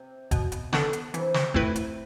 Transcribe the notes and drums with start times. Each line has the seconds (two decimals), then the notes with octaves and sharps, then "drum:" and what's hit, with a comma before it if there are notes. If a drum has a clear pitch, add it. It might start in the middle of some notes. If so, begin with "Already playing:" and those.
Already playing: C3
0.31 B2, drum: kick F1, hi-hat
0.52 drum: hi-hat
0.73 B3 D4 A4, drum: snare
0.93 drum: hi-hat
1.14 C3 E3, drum: hi-hat
1.34 drum: snare
1.54 A3 C4 E4 B4, drum: kick F1
1.76 drum: hi-hat